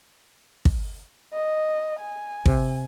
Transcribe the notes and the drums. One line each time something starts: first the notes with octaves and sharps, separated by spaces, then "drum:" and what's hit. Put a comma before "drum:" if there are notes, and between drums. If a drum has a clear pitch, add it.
drum: kick
D#5
G#5
C3, drum: kick